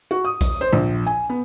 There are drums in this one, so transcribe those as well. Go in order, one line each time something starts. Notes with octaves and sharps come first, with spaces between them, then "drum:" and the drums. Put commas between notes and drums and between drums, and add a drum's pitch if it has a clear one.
F#4
D#6
drum: kick A#1, hi-hat
C5
A#1
G#5
B3